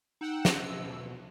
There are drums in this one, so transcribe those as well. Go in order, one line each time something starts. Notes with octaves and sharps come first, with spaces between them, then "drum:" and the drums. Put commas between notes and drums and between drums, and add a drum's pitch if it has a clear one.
D#4 F#5 G5 E6
drum: snare
E6
B2